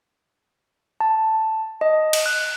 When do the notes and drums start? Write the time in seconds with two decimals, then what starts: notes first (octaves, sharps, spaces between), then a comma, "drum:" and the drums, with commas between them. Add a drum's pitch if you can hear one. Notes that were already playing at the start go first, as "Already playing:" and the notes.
1.00 A5
1.81 D#5
2.13 drum: cymbal
2.26 F#6